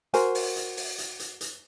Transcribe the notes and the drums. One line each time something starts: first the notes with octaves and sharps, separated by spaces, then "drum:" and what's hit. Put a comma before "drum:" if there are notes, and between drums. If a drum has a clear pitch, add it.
F#4 A#4 C5 G#5, drum: hi-hat
drum: open hi-hat
drum: hi-hat
drum: open hi-hat
drum: hi-hat
drum: hi-hat
drum: hi-hat